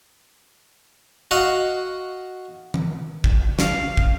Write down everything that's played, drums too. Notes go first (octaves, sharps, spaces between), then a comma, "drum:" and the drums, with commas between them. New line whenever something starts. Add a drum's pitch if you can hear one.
F#4 D#5 F5 F#5
drum: tom
drum: kick
F5, drum: snare
drum: kick